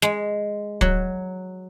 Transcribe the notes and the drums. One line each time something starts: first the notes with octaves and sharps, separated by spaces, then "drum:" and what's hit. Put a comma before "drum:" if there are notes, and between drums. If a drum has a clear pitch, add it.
G#3, drum: snare
F#3, drum: kick